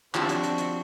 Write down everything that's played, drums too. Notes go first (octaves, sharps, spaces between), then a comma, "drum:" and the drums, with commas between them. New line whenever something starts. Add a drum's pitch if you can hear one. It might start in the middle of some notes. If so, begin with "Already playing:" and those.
F3 C4 D4 F#4 G4, drum: clap
drum: hi-hat
drum: hi-hat
drum: hi-hat